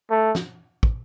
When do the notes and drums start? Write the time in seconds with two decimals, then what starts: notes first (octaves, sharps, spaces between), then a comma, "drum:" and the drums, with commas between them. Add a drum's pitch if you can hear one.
0.11 A3
0.35 drum: snare
0.83 drum: kick